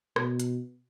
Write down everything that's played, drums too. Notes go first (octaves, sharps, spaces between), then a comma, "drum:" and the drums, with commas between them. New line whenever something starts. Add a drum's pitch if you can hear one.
B2, drum: rim click
drum: hi-hat